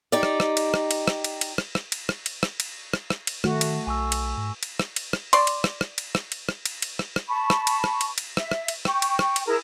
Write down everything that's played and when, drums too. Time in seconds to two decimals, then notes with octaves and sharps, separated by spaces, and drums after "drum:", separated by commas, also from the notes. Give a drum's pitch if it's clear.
0.12 D#4 G4 D5
0.23 drum: rim click
0.40 drum: rim click
0.57 drum: cymbal
0.74 drum: rim click
0.91 drum: cymbal
1.08 drum: rim click
1.24 drum: cymbal
1.41 drum: cymbal
1.58 drum: rim click
1.75 drum: rim click
1.92 drum: cymbal
2.09 drum: rim click
2.26 drum: cymbal
2.43 drum: rim click
2.60 drum: cymbal
2.94 drum: rim click
3.10 drum: rim click
3.27 drum: cymbal
3.44 D#3 A3 F#4, drum: rim click
3.61 drum: cymbal
3.87 B1 G#5 C#6 E6
4.12 drum: cymbal
4.37 G#2
4.63 drum: cymbal
4.79 drum: rim click
4.96 drum: cymbal
5.13 drum: rim click
5.33 D5 C6, drum: cymbal
5.47 drum: cymbal
5.64 drum: rim click
5.81 drum: rim click
5.98 drum: cymbal
6.15 drum: rim click
6.32 drum: cymbal
6.49 drum: rim click
6.65 drum: cymbal
6.82 drum: cymbal
6.99 drum: rim click
7.16 drum: rim click
7.28 A5 B5 C#6
7.50 drum: rim click
7.67 drum: cymbal
7.84 drum: rim click
8.01 drum: cymbal
8.18 drum: cymbal
8.37 E5, drum: rim click
8.51 drum: rim click
8.68 drum: cymbal
8.85 G5 C#6, drum: rim click
9.02 drum: cymbal
9.19 drum: rim click
9.36 drum: cymbal
9.46 E4 G#4 A#4 A#5